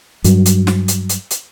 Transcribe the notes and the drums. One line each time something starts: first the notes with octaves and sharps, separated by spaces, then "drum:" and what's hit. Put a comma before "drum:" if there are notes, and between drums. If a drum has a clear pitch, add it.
G2 F#3, drum: hi-hat
drum: hi-hat
drum: snare
drum: hi-hat
drum: hi-hat
drum: hi-hat